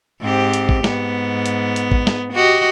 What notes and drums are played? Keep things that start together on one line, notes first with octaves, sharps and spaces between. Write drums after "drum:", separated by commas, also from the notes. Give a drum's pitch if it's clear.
G#2 C4 G4
drum: hi-hat
drum: kick A1
G#2 B3, drum: snare
drum: hi-hat
drum: hi-hat
drum: kick A1
drum: snare
F#4 G4 D#5